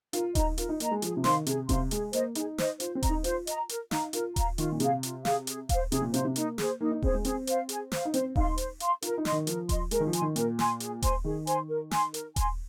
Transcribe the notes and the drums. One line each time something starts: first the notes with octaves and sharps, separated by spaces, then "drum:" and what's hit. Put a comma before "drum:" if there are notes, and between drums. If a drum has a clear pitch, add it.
F4 A#4, drum: hi-hat
D#4 D#5 A#5, drum: kick D#1, hi-hat
F4 A#4, drum: hi-hat
D#4
A#3 D#5 A#5, drum: hi-hat
G#3
F3 G#4, drum: hi-hat
C3
D#3 C5 F5 C6, drum: snare
C3 G#4, drum: hi-hat
C3 C5 F5 C6, drum: kick D#1, hi-hat
G#3 G#4, drum: hi-hat
A#3 C5 D#5, drum: hi-hat
D#4 G#4, drum: hi-hat
C5 D#5, drum: snare
F4 C5, drum: hi-hat
C4
D#5 A#5, drum: kick D#1, hi-hat
D#4
F4 C5, drum: hi-hat
D#5 A#5, drum: hi-hat
A#4, drum: hi-hat
D#4 F5 A#5, drum: snare
F4 A#4, drum: hi-hat
F5 A#5, drum: kick D#1, hi-hat
D#3 F4, drum: hi-hat
A#2
C3 G#4 F5, drum: hi-hat
F4, drum: hi-hat
G#4 F5, drum: snare
G#4, drum: hi-hat
C5 F5, drum: kick D#1, hi-hat
C3 G#4, drum: hi-hat
A#2
C3 C5 F5, drum: hi-hat
C3
A#3 D#4, drum: hi-hat
G#4 C5, drum: snare
A#3 D#4
D#4
C4 G#4 C5, drum: kick D#1
G#3
C4 G#4, drum: hi-hat
C5 F5, drum: hi-hat
G#4, drum: hi-hat
C5 F5, drum: snare
D#4
C4 C5, drum: hi-hat
D#4 F5 C6, drum: kick D#1
C5, drum: hi-hat
F5 C6, drum: hi-hat
F4 A#4, drum: hi-hat
D#4
D#5 C6, drum: snare
D#3
F3 A#4, drum: hi-hat
D#5 C6, drum: kick D#1, hi-hat
G#3 A#4, drum: hi-hat
D#3
F3
G#5 C6, drum: hi-hat
D#3
A#2 A#4, drum: hi-hat
G#5 C6, drum: snare
G#4, drum: hi-hat
C5 G#5 C6, drum: kick D#1, hi-hat
D#3 G#4
C5 G#5 C6, drum: hi-hat
A#4
G#5 C6, drum: snare
A#4, drum: hi-hat
G#5 C6, drum: kick D#1, hi-hat